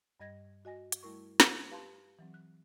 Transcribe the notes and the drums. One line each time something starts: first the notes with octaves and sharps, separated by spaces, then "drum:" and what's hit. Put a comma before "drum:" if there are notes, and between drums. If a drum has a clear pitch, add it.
G2 G3 D#5 G#6 A#6
F#4 D#5 G#5 A#6
drum: hi-hat
G3 A3 E4 A#4 C#6
drum: snare
G4 B4 F5 A5 B5 C6
E3 F#3 C4
F#6